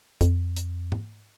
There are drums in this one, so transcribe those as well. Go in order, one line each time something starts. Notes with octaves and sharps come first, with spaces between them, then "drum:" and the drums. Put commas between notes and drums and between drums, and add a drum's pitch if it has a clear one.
F2, drum: kick, hi-hat
drum: hi-hat
drum: tom G#2